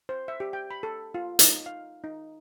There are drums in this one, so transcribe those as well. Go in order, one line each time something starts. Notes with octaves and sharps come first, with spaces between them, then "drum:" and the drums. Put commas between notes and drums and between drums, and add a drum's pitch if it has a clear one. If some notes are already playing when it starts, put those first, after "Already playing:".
C5
E5
G4
G5
B5
A4
F4
D#4, drum: hi-hat
F5
D#4